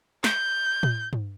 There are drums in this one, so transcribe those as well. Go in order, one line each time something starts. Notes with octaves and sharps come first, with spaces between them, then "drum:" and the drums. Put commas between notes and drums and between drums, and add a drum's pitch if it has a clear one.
G6, drum: snare
drum: tom A2
drum: tom G2